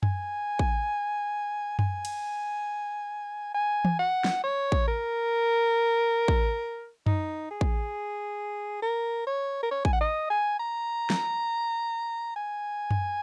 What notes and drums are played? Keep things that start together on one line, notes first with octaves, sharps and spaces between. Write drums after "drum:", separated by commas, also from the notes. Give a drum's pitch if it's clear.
G#5, drum: tom F#2
drum: kick A1
G#5, drum: tom F#2
drum: cymbal
G#5
drum: tom E3
F#5
drum: snare
C#5
drum: kick A1
A#4
drum: kick A1
D#4, drum: tom F#2
G#4
drum: kick A1
A#4
C#5
A#4
C#5
G#5, drum: kick A1
F#5
D#5
G#5
A#5
drum: snare
G#5
drum: tom F#2